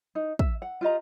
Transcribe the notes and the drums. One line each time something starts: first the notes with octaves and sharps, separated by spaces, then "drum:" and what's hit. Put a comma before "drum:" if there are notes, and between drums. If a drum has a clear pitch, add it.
D#4
E5, drum: kick
F#5
F4 G4 D#5 A#5